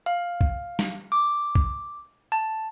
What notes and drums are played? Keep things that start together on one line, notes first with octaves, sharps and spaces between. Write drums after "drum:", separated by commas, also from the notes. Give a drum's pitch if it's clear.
F5
drum: kick A#1
drum: snare
D6
drum: kick A#1
A5